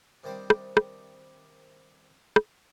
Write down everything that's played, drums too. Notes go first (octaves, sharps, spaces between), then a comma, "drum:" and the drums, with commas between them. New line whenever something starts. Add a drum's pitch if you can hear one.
C3 D#3 G3 D4 C5
drum: rim click
drum: rim click
drum: rim click